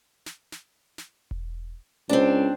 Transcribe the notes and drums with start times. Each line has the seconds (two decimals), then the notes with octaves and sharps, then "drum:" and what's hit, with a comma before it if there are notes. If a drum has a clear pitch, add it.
0.26 drum: snare
0.52 drum: snare
0.98 drum: snare
1.31 drum: kick E1
2.09 C#2 C4 D4